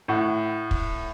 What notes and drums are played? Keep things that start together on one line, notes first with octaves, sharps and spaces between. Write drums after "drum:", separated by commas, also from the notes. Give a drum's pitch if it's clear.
A2 F#5
drum: kick